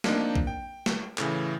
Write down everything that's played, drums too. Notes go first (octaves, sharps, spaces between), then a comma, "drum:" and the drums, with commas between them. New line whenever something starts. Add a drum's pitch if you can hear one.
F3 A#3 C4 D4 D#4, drum: snare
drum: kick B1
G5
drum: snare
A2 C#3 E3, drum: clap